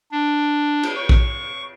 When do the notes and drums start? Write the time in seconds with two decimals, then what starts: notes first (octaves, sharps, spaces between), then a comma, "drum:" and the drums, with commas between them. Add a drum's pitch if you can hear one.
0.12 D4
0.83 drum: cymbal
0.96 C#6
1.09 drum: kick A#1